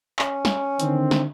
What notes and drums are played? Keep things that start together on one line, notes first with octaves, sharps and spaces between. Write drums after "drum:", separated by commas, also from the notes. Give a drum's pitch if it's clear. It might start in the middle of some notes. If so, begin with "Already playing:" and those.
C#4, drum: clap
drum: snare
D3 D#3 C4, drum: hi-hat
drum: snare